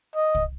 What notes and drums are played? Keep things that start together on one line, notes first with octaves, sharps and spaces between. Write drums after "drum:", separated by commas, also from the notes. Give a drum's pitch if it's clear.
D#5
drum: kick